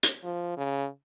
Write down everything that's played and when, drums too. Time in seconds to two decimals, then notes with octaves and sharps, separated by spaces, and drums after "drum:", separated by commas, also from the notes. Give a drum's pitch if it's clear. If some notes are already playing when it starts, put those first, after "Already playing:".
0.03 drum: hi-hat
0.24 F3
0.57 C#3